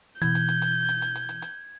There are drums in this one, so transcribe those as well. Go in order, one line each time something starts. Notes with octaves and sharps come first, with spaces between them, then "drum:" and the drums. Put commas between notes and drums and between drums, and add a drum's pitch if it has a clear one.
B2 E3 G6 G#6, drum: hi-hat
drum: hi-hat
drum: hi-hat
drum: hi-hat
drum: hi-hat
drum: hi-hat
drum: hi-hat
drum: hi-hat
drum: hi-hat